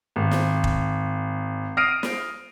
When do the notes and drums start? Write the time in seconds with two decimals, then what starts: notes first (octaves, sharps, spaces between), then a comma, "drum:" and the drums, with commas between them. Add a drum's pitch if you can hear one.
0.16 G#1
0.31 drum: snare
0.64 drum: kick
1.77 D#6 F6 A#6 C7 D7 D#7
2.03 drum: snare